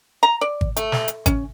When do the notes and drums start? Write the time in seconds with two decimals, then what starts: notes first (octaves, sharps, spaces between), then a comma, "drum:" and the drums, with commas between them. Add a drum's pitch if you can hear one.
0.23 A#5
0.41 D5
0.61 drum: kick G#1
0.77 A3, drum: hi-hat
0.92 drum: snare
1.08 drum: hi-hat
1.26 C#4, drum: kick G#1, hi-hat